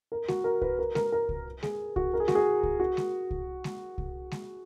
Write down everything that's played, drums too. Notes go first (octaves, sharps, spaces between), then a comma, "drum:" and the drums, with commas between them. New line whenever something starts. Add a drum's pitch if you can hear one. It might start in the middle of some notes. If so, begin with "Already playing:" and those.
A#4
F#4, drum: snare G#3
A#4
B4, drum: kick C2
A#4
A#4, drum: snare G#3
A#4
drum: kick C2
G#4, drum: snare G#3
F#4, drum: kick C2
A#4
G#4
F#4, drum: snare G#3
G#4
drum: kick C2
F#4
drum: snare G#3
drum: kick C2
drum: snare G#3
drum: kick C2
drum: snare G#3